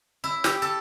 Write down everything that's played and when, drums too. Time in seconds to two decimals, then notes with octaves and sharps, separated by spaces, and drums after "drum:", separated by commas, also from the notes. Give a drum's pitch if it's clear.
0.24 E4
0.44 G4, drum: snare
0.62 A4